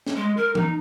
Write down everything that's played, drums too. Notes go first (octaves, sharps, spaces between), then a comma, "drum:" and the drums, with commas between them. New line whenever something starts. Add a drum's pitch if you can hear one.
drum: snare
G#3
A#4
D#4, drum: tom E3